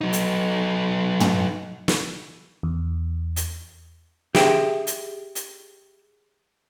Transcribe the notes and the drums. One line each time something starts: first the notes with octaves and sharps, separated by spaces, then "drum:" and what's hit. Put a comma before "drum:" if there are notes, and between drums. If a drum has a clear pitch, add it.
F#3 D#4
drum: hi-hat
drum: tom
drum: snare
E2
drum: hi-hat
G4 G#4 E5 G5, drum: snare
drum: hi-hat
drum: hi-hat